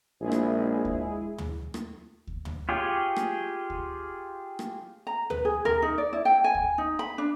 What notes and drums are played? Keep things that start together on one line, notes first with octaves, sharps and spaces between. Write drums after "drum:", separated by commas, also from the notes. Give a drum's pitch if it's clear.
A#1 G#3 E4 G#4
drum: rim click
drum: kick D2
drum: tom
drum: rim click
drum: kick D2
drum: tom
F4 G4 G#4 C#5
drum: rim click
drum: kick D2
drum: rim click
A#5
B4, drum: tom
G#4
A#4, drum: tom
D#4
D5
E4
G5
G#5
drum: kick D2
D#4
B5
D4